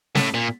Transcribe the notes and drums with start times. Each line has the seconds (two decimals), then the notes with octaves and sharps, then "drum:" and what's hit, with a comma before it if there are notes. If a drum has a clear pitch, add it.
0.15 A2, drum: snare
0.34 A#2